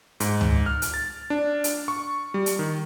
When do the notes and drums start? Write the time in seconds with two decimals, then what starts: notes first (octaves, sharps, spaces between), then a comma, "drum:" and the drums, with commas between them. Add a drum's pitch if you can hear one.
0.20 G#2, drum: hi-hat
0.41 drum: tom C#2
0.66 F6
0.82 drum: hi-hat
0.94 A6
1.30 D4
1.64 drum: hi-hat
1.88 C#6
2.34 G3
2.46 drum: hi-hat
2.59 D#3